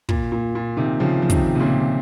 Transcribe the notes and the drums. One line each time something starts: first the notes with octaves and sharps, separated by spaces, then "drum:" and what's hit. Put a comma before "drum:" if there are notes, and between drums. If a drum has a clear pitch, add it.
A#2, drum: kick
A#2
A#2
C3 D#3
C#3 F3
F3
C3 D#3, drum: kick, hi-hat
C3
A#2 C#3